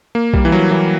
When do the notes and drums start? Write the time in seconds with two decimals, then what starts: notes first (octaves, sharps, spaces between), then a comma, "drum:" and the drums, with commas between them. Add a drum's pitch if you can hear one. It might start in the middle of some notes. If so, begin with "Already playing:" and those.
0.15 A#3
0.34 G3, drum: kick B1
0.45 E3
0.52 F#3
0.71 E3